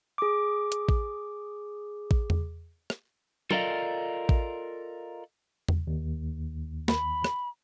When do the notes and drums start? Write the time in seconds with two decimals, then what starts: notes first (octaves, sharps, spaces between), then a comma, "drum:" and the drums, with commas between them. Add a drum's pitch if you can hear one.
0.18 G#4 D6
0.72 drum: hi-hat
0.89 drum: kick A1
2.11 drum: kick A1
2.30 drum: tom E2
2.90 drum: rim click
3.51 F4 A4 A#4 D5 D#5 F5, drum: tom F#3
4.29 drum: kick A1
5.69 drum: tom E2
5.87 D#2
6.88 B5, drum: snare
7.24 drum: rim click